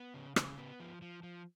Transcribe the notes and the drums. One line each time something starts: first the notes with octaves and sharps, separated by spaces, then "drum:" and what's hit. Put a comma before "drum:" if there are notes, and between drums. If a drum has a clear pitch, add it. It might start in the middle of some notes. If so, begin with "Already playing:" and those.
Already playing: B3
C#3
C#3, drum: rim click
B3
F3
F3
F3